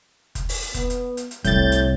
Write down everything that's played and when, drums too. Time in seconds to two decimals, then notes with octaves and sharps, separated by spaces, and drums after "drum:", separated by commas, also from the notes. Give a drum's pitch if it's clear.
0.35 drum: kick F1, hi-hat
0.49 drum: open hi-hat
0.63 drum: hi-hat
0.74 B3, drum: kick F1, hi-hat
0.90 drum: hi-hat
1.17 drum: hi-hat
1.31 drum: hi-hat
1.45 C2 A2 C3 G3 G6 A6, drum: kick F1, hi-hat
1.72 drum: hi-hat